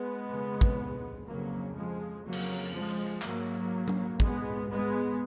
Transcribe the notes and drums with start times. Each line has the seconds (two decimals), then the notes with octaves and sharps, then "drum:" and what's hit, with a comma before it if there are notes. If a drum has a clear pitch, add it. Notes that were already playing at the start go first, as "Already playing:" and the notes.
Already playing: G#3 B3
0.27 F2 C#3
0.61 drum: kick
1.26 F2 C#3 F#3 A#3
1.74 F3 G#3
2.23 F2 C#3 F#3 A#3
2.33 drum: cymbal
2.73 F3 G#3
2.89 drum: hi-hat
3.22 G#2 F#3 A#3, drum: clap
3.88 drum: tom F#3
4.20 G#2 G#3 B3, drum: kick
4.69 G#3 B3